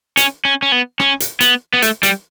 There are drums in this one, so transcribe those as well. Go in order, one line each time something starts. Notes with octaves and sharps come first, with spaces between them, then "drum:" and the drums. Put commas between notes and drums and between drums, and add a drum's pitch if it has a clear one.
C#4, drum: hi-hat
C#4
C#4
B3
C#4, drum: rim click
drum: hi-hat
B3, drum: hi-hat
B3
A3, drum: hi-hat
G3, drum: hi-hat